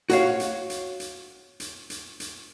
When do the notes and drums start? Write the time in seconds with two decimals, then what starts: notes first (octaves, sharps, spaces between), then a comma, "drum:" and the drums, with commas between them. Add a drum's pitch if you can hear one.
0.10 F#4 C#5 F5, drum: hi-hat
0.40 drum: hi-hat
0.70 drum: hi-hat
1.00 drum: hi-hat
1.60 drum: hi-hat
1.90 drum: hi-hat
2.20 drum: hi-hat